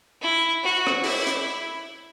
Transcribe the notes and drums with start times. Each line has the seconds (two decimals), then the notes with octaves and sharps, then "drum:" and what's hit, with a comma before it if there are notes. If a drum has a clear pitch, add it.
0.21 E4
0.63 F#4
0.87 drum: rim click
1.04 E4, drum: open hi-hat
1.27 drum: hi-hat